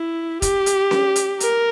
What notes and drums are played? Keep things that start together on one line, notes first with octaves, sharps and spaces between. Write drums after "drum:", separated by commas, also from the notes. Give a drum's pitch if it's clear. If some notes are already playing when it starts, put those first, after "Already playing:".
Already playing: E4
G4, drum: kick, hi-hat
drum: hi-hat
drum: snare C#4
drum: hi-hat
A#4, drum: hi-hat